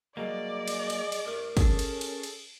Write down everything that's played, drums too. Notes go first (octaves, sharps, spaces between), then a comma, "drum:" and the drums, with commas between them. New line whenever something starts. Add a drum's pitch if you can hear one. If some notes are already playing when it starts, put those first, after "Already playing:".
F#3 G3 A#3 G#4 D5 D#5
drum: cymbal
drum: cymbal
drum: cymbal
C2 G2 A3 A#4
C#4 G#4 A4, drum: kick, cymbal
drum: cymbal
drum: cymbal
drum: cymbal